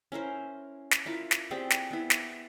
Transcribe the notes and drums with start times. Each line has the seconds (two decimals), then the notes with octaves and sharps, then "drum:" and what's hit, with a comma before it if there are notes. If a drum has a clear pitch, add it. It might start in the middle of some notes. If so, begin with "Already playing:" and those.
0.12 C#4 E4 A#4 C5
0.91 drum: snare
1.06 E4 F4 A#4
1.31 drum: snare
1.51 C4 G4 G#4 D5
1.70 drum: snare
1.91 B3 E4
2.10 drum: snare